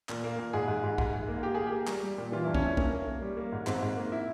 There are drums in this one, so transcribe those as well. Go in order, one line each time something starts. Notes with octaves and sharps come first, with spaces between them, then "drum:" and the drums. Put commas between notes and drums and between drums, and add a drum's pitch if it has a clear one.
A#2, drum: clap
A#3
A#2
G#2 G#4
G#2
G#2
G#2, drum: kick
G#2
A#3
A#3 G4
A#3 G#4
G4
A#3
G3, drum: clap
G3
A#2
E3 F4
G2 E4
C#4, drum: kick
G2 E4
A#3 C#4, drum: kick
A#3
A#3
G3
A#3
G#2
G#2 C4, drum: clap
G#2
A#3
E4